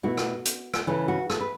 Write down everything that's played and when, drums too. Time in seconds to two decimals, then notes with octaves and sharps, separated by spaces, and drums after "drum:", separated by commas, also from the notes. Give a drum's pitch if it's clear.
0.03 B2 A3 E4 F#4
0.17 drum: rim click
0.45 drum: hi-hat
0.74 drum: rim click
0.87 C#3 E3 C#4 A4
1.08 F#4
1.30 A4, drum: rim click
1.40 B4